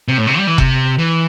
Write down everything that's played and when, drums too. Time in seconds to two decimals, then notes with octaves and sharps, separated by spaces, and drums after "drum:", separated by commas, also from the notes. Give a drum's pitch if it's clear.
0.08 C3
0.18 A2
0.27 C3
0.38 G3
0.47 E3
0.58 C3, drum: kick F1
0.98 E3